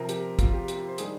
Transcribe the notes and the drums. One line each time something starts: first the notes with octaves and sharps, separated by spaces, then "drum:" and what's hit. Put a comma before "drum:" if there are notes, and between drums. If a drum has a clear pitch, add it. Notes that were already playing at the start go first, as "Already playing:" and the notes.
Already playing: C3 F3 C4 A#4
G4, drum: hi-hat
F4, drum: kick, hi-hat
G4
G4, drum: hi-hat
F4
C5
D#3 G3 D4 G#4, drum: hi-hat